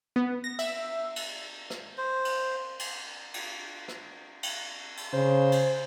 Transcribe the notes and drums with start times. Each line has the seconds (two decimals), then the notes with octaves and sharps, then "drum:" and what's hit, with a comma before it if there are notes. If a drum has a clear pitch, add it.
0.16 B3
0.44 A#6
0.59 E5, drum: cymbal
1.16 drum: cymbal
1.70 drum: rim click
1.98 C5
2.25 drum: cymbal
2.79 drum: cymbal
3.34 drum: cymbal
3.88 drum: rim click
4.43 drum: cymbal
4.97 drum: cymbal
5.13 C#3 C5
5.52 drum: cymbal